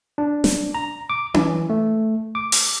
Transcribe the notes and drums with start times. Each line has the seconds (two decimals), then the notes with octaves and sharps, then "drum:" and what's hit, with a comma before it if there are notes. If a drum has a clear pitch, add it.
0.18 D4
0.44 drum: snare
0.74 A#5
1.10 D6
1.34 E3, drum: tom C#4
1.70 A3
2.35 D6
2.52 drum: open hi-hat